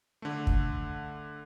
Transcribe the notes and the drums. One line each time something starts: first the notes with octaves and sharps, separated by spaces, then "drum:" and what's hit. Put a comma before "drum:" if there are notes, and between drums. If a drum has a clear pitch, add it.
D3 A3
drum: kick